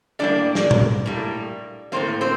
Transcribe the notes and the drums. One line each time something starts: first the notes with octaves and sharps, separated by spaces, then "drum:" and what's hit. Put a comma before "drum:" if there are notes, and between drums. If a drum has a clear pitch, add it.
A2 G3 A#3 D4 D5
drum: snare
drum: tom
A2 G3 A#3
A2 G3 A#3 C4 C5
C4 C5